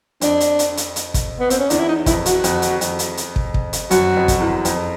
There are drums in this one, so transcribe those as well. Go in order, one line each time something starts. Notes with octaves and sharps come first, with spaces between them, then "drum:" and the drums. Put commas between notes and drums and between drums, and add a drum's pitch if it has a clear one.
F2 D4, drum: hi-hat
drum: hi-hat
drum: hi-hat
drum: hi-hat
drum: hi-hat
drum: kick, hi-hat
B3
C4, drum: hi-hat
C#4
E2 D4, drum: hi-hat
E4
D#4
F2 E4, drum: kick, hi-hat
F#4, drum: hi-hat
F2, drum: hi-hat
drum: hi-hat
F2, drum: hi-hat
drum: hi-hat
drum: hi-hat
drum: kick
drum: kick
drum: hi-hat
F#2 F#4, drum: hi-hat
F2
drum: kick, hi-hat
E2
F2, drum: hi-hat